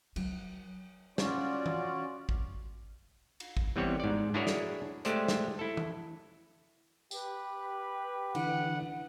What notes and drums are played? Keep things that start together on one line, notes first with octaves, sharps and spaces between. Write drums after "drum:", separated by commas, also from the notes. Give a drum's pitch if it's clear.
F#3, drum: cymbal
C#4 F4 F#4 D5, drum: snare
drum: tom
drum: kick A1
drum: cymbal
drum: kick A1
E3 G3 B3 C4 C#5
G#2 D5
D4 E4 F#4 G#4 A#4 C#5
drum: snare
G#3 A3 G4 C5 D5, drum: hi-hat
drum: snare
E4 A4
drum: tom
G4 B4, drum: tambourine
D3 E3 F#5, drum: cymbal